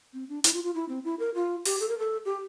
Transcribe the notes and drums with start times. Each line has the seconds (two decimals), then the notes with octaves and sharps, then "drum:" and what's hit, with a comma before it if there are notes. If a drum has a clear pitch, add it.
0.14 C4
0.29 D4
0.44 E4, drum: hi-hat
0.54 F4
0.64 F4
0.75 E4
0.89 C4
1.05 E4
1.19 A#4
1.35 F4
1.65 G4, drum: open hi-hat
1.80 A4
1.89 A#4
1.99 A4
2.25 G4